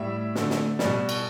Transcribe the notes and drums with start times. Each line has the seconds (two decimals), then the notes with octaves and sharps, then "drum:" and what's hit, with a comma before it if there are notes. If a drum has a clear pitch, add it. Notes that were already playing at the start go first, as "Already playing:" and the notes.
Already playing: A2 G3 E5
0.35 D3 A3, drum: snare
0.50 drum: snare
0.79 B2 G3, drum: snare
1.09 drum: cymbal